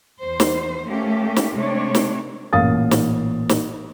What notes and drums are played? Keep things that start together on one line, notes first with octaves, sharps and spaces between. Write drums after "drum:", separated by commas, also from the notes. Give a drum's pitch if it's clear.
E2 C5
drum: snare
A3 A#3 C#4 G4
drum: snare
C3 G#3 A3 D4 C#5
drum: snare
A1 A#2 F5 D#6 A6
drum: snare
drum: snare